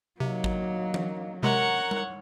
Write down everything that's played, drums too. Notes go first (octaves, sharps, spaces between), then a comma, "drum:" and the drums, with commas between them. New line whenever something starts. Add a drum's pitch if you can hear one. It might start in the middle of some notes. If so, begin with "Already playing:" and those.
C3 F#3 A#3 D#4
drum: kick
drum: tom E3
C3 G#3 A#4 C#5 F#5
drum: tom G3